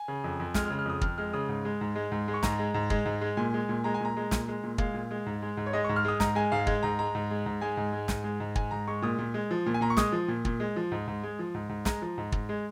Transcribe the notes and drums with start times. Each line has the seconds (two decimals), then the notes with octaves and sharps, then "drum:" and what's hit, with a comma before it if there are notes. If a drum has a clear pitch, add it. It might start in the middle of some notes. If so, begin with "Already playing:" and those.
Already playing: G#5
0.08 C#3
0.24 F2
0.40 F2
0.54 G#3 F6, drum: snare
0.66 F6
0.70 C#3
0.79 F6
0.86 F2 D#6
1.01 F2 F6, drum: kick
1.18 G#3 F6
1.33 C#3 D#6
1.49 G#2
1.65 G#3
1.81 G#2
1.96 G#3
2.12 G#2
2.28 G#3
2.34 C#6
2.43 G#2 A#5, drum: snare
2.59 G#3
2.74 G#2
2.90 G#3, drum: kick
3.05 G#2
3.21 G#3
3.37 A#2 G#5
3.54 G#3
3.69 A#2
3.84 G#3 A#5
3.94 G#5
4.01 A#2 A#5
4.17 G#3
4.31 A#2, drum: snare
4.48 G#3
4.64 A#2
4.78 G#3 F5, drum: kick
4.94 A#2
5.11 G#3
5.26 G#2
5.42 G#3
5.57 G#2
5.66 C#5
5.73 G#3 D#5
5.84 G#2 C#6
5.96 F6
6.05 G#3 D#6
6.20 G#2 A#5, drum: snare
6.35 G#3 G#5
6.52 G#2 F5
6.67 G#3, drum: kick
6.83 G#2 A#5
6.99 G#3 A#5
7.15 G#2
7.31 G#3
7.46 G#2
7.62 G#3 G#5
7.77 G#2
7.93 G#3
8.08 G#2, drum: snare
8.24 G#3
8.40 G#2
8.55 G#3 G#5, drum: kick
8.71 G#2 A#5
8.87 G#3 C#6
9.02 A#2 D#6
9.18 A#2
9.34 G#3
9.51 F3
9.66 A#2
9.74 G#5
9.81 A#2 A#5
9.90 C#6
9.97 G#3 D#6, drum: snare
10.12 F3
10.28 A#2
10.45 A#2, drum: kick
10.60 G#3
10.76 F3
10.92 G#2
11.08 G#2
11.23 G#3
11.39 F3
11.54 G#2
11.69 G#2
11.85 G#3 A#5, drum: snare
12.02 F3
12.18 G#2
12.32 G#2, drum: kick
12.49 G#3